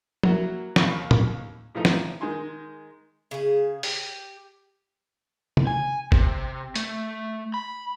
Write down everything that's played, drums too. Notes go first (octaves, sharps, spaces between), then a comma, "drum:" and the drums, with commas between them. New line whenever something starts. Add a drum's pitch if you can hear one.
F#3 A#3 E4 F#4, drum: tom
D#2 B5 C#6, drum: snare
drum: tom A2
A2 E3 F3 A3 D#4
drum: snare
D#3 G#3 G#5 C6
C#3 G#4
G4, drum: open hi-hat
drum: tom
G#5
C3, drum: kick G1
A3, drum: hi-hat
B5